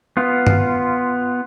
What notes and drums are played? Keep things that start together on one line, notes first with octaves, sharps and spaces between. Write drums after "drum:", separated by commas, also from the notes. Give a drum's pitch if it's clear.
B3 F4
drum: tom G2